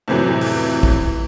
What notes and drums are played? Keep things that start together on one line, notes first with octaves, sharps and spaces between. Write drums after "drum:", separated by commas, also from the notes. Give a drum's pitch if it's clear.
F2 A2 C3 E3 F#3
drum: open hi-hat
drum: kick